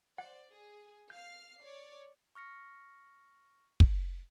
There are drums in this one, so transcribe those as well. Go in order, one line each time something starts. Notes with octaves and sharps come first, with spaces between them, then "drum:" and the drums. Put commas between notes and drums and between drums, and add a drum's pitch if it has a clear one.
C5 D5 F#5
G#4
F5 F6 G6 C7
C#5 D5
C#6 F6 A#6 C#7
drum: kick